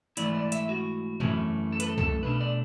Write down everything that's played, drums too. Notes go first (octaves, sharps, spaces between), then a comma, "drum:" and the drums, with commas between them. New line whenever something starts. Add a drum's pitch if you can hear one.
G#2 E3 A3 E4 D5, drum: hi-hat
D5
E5, drum: hi-hat
F#4
F#2 E3 A3 C#4 E4, drum: tom
A4
B4, drum: hi-hat
A4
A4, drum: tom
B2 A3 D4 B4
D5